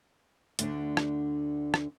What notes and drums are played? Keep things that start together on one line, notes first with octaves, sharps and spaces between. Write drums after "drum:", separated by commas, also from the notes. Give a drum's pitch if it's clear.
D2 D3 D4, drum: hi-hat
drum: rim click
drum: rim click